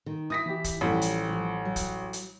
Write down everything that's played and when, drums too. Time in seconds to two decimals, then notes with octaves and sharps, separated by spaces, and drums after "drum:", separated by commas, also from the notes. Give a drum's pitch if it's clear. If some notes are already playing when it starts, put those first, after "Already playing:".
0.06 D#3
0.30 E4 D#6 A#6 B6
0.46 E3 G4
0.64 drum: kick, hi-hat
0.81 A1 F3 G3 A3 C#4
1.02 drum: hi-hat
1.29 F3 F#3
1.65 F#3
1.76 drum: kick, hi-hat
2.13 drum: hi-hat